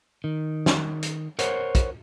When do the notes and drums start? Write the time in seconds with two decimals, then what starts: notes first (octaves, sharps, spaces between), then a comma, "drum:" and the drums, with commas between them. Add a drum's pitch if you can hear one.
0.24 D#3
0.66 drum: snare
1.02 drum: hi-hat
1.39 A#4 C5 C#5 F#5, drum: hi-hat
1.75 drum: kick, hi-hat